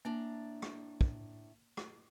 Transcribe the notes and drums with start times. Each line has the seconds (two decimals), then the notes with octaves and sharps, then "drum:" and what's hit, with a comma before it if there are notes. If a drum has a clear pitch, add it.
0.05 A2 A#3 D4 A#5
0.62 drum: rim click
1.01 drum: kick
1.77 drum: rim click